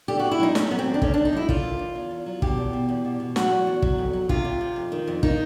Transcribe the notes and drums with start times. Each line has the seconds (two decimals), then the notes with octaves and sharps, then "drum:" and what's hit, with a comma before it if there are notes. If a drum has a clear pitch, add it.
0.08 D3 G4
0.20 D3 F#4
0.31 E4
0.40 F#3 D#4
0.55 F#3 C#4, drum: snare
0.71 F#3 B3
0.79 C4
0.86 D#2
0.94 D4
1.02 D3 C#4, drum: kick
1.14 D#2 D4
1.25 D#4
1.33 F#3 E4
1.49 D3 F4, drum: kick
1.64 D#2
1.79 D#2
1.95 E2
2.11 E2
2.26 F#3
2.42 B2 G4, drum: kick
2.57 E2
2.73 B2
2.89 E2
3.05 B2
3.20 B2
3.36 F#3 F#4, drum: snare
3.51 E2
3.67 E2
3.82 F#3, drum: kick
3.98 F2
4.13 F#3
4.29 C3 F4, drum: kick
4.45 C3
4.61 C3
4.76 F2
4.92 D#3
5.07 F2
5.23 D#3 D#4, drum: kick